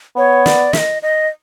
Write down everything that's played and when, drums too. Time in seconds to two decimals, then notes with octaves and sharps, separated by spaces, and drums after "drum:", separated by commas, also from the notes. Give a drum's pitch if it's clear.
0.16 B3 C#5
0.46 D5, drum: snare
0.73 E5, drum: snare
0.78 D#5
1.02 D#5